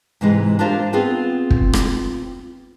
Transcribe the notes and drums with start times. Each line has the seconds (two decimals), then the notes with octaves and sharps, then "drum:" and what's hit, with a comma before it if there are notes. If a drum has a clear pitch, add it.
0.21 G#2 C3 E3 G#3
0.59 D4 F4 G4 A#4 C5 F5
0.93 B3 C4 F4 G#4
1.51 drum: kick
1.73 drum: rim click